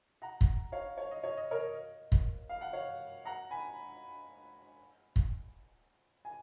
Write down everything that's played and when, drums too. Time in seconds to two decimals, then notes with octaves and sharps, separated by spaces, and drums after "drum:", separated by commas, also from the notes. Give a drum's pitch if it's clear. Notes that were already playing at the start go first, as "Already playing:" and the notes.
0.22 F#5 A#5
0.41 drum: kick
0.72 C#5 F5
0.98 C#5
1.11 D#5
1.24 C#5
1.37 D#5
1.51 A#4 C#5
2.12 drum: kick
2.49 F5
2.61 F#5
2.73 C#5 F5
3.25 F#5 A#5
3.51 G#5 B5
5.16 drum: kick
6.25 G#5